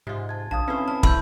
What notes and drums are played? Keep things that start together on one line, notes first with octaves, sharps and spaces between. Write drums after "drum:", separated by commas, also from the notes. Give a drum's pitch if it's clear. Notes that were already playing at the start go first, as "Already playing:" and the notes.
G#2 C3 F4
A5 G#6
A#1 D4 F5 A5 D#6
C4 C#4 E4 A4 B4 C5
E4 A5 F6
A3 E4 B5 E6 G6, drum: kick